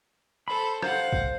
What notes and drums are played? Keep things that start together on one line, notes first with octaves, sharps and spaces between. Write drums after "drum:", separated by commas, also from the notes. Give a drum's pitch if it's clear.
A4 C5 B5
C5 F5 F#5, drum: rim click
drum: kick